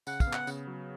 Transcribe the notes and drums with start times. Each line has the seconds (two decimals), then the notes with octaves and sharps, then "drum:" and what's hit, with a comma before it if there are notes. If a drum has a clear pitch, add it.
0.07 C#3 F#5, drum: tambourine
0.20 F5, drum: kick, tambourine
0.27 B3
0.33 F#5, drum: clap
0.47 C#3, drum: tambourine
0.67 F#3